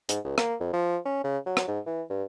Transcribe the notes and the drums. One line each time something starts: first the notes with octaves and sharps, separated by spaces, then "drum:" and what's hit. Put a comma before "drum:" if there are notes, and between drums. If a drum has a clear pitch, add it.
G#2, drum: hi-hat
C#2
A#3, drum: rim click
F2
F3
C#4
C#3
F#3
drum: rim click
G#2
E3
G2